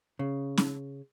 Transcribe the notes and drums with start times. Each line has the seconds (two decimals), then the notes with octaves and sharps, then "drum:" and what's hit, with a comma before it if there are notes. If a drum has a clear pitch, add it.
0.19 C#3
0.57 drum: snare C#4